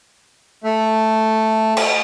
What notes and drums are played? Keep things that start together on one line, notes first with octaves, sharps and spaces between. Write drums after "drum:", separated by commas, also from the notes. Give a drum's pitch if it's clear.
A3
drum: cymbal